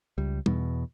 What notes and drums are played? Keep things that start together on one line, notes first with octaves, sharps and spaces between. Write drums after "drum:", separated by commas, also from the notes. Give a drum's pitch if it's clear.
C#2 G3
E2 B2, drum: tom